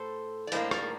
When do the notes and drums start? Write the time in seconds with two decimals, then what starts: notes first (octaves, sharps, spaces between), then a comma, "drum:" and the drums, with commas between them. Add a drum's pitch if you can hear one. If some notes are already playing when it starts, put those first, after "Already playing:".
Already playing: A2 A4 C5
0.47 D5
0.52 A2 G3 A#3 D4 C5 D#5, drum: hi-hat
0.71 A#4 D5, drum: rim click